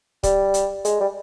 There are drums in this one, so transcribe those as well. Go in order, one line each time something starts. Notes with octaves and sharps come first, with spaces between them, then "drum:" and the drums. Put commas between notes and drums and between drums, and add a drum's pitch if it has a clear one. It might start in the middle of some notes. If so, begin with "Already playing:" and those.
G3, drum: kick, hi-hat
drum: hi-hat
G#3, drum: hi-hat
G3